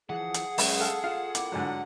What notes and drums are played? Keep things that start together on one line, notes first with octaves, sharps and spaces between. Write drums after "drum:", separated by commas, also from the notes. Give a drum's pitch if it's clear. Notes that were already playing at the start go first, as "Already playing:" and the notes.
E3 F3 G#4 F#5
drum: hi-hat
F#3 G#3 C#4, drum: open hi-hat
A4 F5
F4 A4 F5
A#3 C4 E4 D6, drum: hi-hat
G#2 D3 F#3